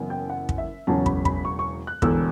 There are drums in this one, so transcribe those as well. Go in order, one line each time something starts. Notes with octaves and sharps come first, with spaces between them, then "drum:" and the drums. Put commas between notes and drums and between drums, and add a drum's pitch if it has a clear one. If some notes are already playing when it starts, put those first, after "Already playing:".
Already playing: F#1 F#2 E3 B3
G5
F#5
drum: kick
E5
E1 E2 C#3 F#3 C#4 A5
B5, drum: kick
B5, drum: kick
C#6
C#6
F#6
E1 E2 D3 A3 E6, drum: kick